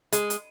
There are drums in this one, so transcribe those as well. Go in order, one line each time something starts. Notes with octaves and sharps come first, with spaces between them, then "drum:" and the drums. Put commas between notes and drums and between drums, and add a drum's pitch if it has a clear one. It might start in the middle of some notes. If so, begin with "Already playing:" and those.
G#3, drum: hi-hat
drum: hi-hat